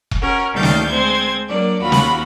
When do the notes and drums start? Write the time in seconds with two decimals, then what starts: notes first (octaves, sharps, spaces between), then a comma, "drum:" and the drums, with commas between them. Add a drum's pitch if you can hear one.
0.11 drum: kick E1
0.21 C#4 F#4 A#4
0.53 D2 D#3 A#3 F5 G6 A6
0.63 drum: snare
0.89 G#3 C4 C5 G#6
1.48 F#3 A#3 D4 D5
1.82 D#2 F4 F#4 B5
1.92 drum: snare